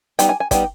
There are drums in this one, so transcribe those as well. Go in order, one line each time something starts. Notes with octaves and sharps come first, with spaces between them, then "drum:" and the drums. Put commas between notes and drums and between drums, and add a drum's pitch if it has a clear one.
G3 B3 D#4 G5, drum: hi-hat
G#5
G#5
G3 B3 D#4 G5, drum: kick, hi-hat